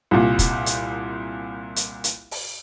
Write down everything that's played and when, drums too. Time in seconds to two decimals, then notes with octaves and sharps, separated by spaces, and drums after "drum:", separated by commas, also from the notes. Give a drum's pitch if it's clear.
0.11 C2 A#2
0.39 drum: kick, hi-hat
0.66 drum: hi-hat
1.76 drum: hi-hat
2.04 drum: hi-hat
2.31 drum: open hi-hat